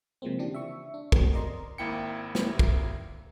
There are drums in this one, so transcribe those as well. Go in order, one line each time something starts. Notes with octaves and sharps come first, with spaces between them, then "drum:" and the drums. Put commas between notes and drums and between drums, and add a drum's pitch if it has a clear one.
C3 F3 G#3 A#3 C4
C#3 E3 D4 G4
E5 C#6
D4
G#3 A3 B3 C4 F#4, drum: kick
A#4 D5 D#5 A#5 C6
G#1 A#3 E4 G5 C#7
drum: snare
drum: kick